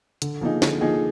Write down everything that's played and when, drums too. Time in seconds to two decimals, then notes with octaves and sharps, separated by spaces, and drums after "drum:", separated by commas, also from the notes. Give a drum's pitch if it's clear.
0.22 D3, drum: hi-hat
0.41 F3 A#3 D#4 G#4
0.62 D3, drum: snare
0.81 F3 A#3 D#4 G#4